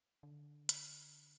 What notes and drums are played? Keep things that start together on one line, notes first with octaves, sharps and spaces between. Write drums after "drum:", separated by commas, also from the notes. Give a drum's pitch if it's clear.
D3
drum: hi-hat